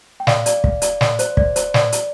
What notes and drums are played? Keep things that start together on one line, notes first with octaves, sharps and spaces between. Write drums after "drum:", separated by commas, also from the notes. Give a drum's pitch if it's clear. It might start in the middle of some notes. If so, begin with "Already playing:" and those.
G5
D5 F5, drum: snare
D5, drum: hi-hat
drum: kick
D5, drum: hi-hat
D5, drum: snare
C5, drum: hi-hat
D5, drum: kick
C5, drum: hi-hat
D5, drum: snare
drum: hi-hat